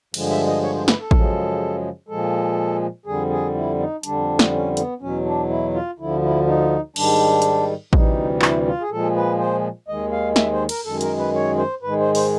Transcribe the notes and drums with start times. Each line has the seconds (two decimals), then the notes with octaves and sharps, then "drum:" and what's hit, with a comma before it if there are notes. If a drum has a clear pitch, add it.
0.14 G2 D3 F3 G#3, drum: cymbal
0.30 E5
0.47 D#5
0.62 C#5
0.75 C5
0.88 B4, drum: snare
0.99 A4
1.11 F#2 C#3 F3 G#3, drum: kick A1
2.08 A#2 F3 G#3 A4
3.06 F2 D3 G3 G#4
3.30 G#4
3.55 E4
3.79 D#4
4.03 F2 D3 G3 D4, drum: hi-hat
4.39 drum: snare
4.52 C#4
4.77 B3, drum: hi-hat
5.00 E2 B2 F#3 C#4
5.25 D4
5.50 E4
5.74 F4
5.98 D2 D3 F3 E4
6.22 E4
6.46 D#4
6.96 G#2 D#3 G3 D4, drum: cymbal
7.42 drum: hi-hat
7.93 D2 C3 E3 G3 D#4, drum: kick A1
8.37 F4
8.42 E4, drum: clap
8.65 F4
8.81 G#4
8.90 A#2 F3 G#3 A4
9.15 B4
9.39 C5
9.88 D#2 D#3 G#3 D#5
10.12 F5
10.36 E5, drum: snare
10.52 C5
10.69 A#4, drum: cymbal
10.85 F#2 D#3 G#3 A4
11.01 A#4, drum: hi-hat
11.18 B4
11.34 C#5
11.58 C5
11.82 G#2 D#3 G#3 B4
11.99 C5
12.15 C5, drum: open hi-hat